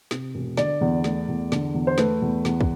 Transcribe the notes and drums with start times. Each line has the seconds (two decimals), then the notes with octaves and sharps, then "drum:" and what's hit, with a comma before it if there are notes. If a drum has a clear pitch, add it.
0.11 C3, drum: snare
0.35 E1
0.57 D3 D5, drum: snare
0.81 E2
1.04 A3, drum: snare
1.28 E2
1.52 D3, drum: snare
1.74 E2
1.87 C5
1.98 A3 B4, drum: snare
2.22 E2
2.45 E2, drum: snare
2.61 drum: kick